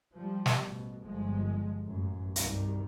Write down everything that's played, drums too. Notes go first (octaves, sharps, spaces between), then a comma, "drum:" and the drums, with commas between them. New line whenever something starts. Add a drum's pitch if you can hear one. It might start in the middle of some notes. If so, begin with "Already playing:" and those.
F3 G3
drum: snare
A1 B2
G1 F3 G#3
A1 F#2
C2 G2 B2 D#3 G3, drum: hi-hat